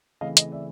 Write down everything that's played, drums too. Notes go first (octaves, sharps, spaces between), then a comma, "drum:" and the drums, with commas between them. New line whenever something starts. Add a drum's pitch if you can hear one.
C#3 E3 A3 C4 D#5 F5
D#5, drum: hi-hat
D5 E5